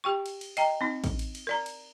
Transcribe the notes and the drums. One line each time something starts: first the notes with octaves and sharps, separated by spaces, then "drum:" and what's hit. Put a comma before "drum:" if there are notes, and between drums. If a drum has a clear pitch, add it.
G4 G5 C#6
drum: cymbal
drum: cymbal
D#5 G5 A#5, drum: cymbal
C4 D#4
drum: kick, cymbal
drum: cymbal
drum: cymbal
A#4 D5 A#5
drum: cymbal